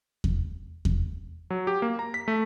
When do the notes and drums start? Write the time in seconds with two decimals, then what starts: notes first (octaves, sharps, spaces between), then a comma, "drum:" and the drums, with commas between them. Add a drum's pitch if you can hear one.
0.24 drum: kick E2
0.85 drum: kick E2
1.50 F#3
1.67 G4
1.82 A#3
1.99 A#5
2.14 B6
2.28 A3